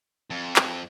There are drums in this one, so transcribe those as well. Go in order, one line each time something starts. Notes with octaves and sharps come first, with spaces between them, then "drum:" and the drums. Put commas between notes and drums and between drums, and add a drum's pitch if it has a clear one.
F2
drum: clap